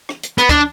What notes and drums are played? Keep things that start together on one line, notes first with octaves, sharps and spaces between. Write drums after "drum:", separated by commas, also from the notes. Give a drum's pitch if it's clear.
drum: rim click
drum: hi-hat
B3, drum: hi-hat
D4, drum: kick, hi-hat